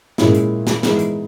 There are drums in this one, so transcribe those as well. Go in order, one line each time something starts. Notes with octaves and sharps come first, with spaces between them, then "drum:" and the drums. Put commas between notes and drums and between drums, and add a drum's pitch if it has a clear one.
A#2 G#3 C#4 E4, drum: snare
drum: hi-hat
drum: snare
E3 G#3 B3 D#4, drum: snare
drum: hi-hat